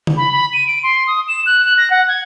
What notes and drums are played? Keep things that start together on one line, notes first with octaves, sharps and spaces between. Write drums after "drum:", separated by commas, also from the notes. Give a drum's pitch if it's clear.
drum: tom C#3
B5
B5
D#7
D7
C6
D#6
E7
F#6
A#6
F#5
G#6